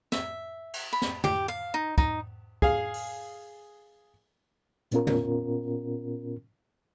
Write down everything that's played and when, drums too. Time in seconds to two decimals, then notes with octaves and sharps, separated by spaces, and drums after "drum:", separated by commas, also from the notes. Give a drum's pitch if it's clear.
0.12 E5, drum: snare
0.73 drum: cymbal
0.93 B5
1.02 drum: snare
1.24 G4, drum: tom
1.48 F5
1.74 D#4
1.98 D#4, drum: kick
2.62 G#4 F5, drum: kick
2.94 drum: open hi-hat
4.92 A#2 B3 C#4 F4 A#4, drum: hi-hat
5.07 drum: tom